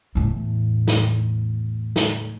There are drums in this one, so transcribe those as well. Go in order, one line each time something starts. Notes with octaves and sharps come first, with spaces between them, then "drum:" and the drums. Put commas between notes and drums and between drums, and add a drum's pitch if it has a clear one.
E2 A2
drum: snare
drum: snare